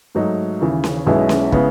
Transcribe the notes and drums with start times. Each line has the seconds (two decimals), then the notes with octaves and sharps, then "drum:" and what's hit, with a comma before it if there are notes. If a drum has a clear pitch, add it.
0.15 G#2 F#3 A3 D#4
0.61 D#2 C#3 E3
0.84 drum: snare C#4
1.07 B1 B2 G#3 C#4 E4
1.29 drum: snare C#4
1.52 C#3 G#3 B3 E4, drum: kick